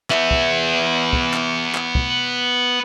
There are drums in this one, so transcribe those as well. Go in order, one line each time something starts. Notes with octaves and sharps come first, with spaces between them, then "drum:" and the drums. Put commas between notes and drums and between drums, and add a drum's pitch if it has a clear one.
B3 E5, drum: clap
drum: kick
drum: kick
drum: clap
drum: clap
drum: kick